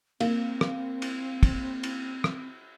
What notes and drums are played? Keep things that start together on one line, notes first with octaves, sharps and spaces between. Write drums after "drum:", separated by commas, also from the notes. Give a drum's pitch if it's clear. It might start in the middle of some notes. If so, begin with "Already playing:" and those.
A#3 C4, drum: cymbal
drum: rim click
drum: cymbal
drum: kick, cymbal
drum: cymbal
drum: rim click